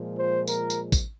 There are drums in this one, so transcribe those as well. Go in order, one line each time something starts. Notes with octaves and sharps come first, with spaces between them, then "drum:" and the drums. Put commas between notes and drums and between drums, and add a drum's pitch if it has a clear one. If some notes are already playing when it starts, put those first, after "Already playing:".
Already playing: A#2 F3 G#3
C5
A#4, drum: tambourine
drum: tambourine
drum: kick A1, tambourine